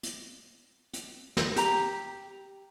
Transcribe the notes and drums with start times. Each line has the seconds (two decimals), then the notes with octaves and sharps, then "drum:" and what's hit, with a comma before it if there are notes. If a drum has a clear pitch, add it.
0.03 drum: hi-hat
0.93 drum: hi-hat
1.37 drum: snare
1.56 G4 A#5, drum: hi-hat